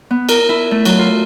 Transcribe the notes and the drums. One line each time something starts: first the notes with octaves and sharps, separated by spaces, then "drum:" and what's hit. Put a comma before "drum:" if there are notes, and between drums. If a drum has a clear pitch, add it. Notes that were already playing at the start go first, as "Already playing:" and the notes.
B3
A#4, drum: cymbal
E4
A3
F#3, drum: cymbal
F4